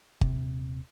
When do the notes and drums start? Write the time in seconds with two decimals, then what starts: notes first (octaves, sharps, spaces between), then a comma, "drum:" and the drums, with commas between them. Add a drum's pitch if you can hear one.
0.21 D#1 G#1 C3, drum: kick G1